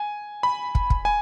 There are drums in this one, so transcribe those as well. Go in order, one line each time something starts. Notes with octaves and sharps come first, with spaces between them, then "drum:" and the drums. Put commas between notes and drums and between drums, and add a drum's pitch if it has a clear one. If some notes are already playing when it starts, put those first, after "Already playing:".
Already playing: G#5
B5
drum: kick
drum: kick
G#5